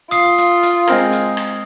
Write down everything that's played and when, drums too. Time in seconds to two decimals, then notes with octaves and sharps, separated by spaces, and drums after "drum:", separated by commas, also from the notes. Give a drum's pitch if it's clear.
0.11 F4 D#6 C7, drum: hi-hat
0.38 drum: hi-hat
0.63 drum: hi-hat
0.87 G#3 C4 A#4, drum: rim click
1.12 drum: hi-hat
1.37 drum: rim click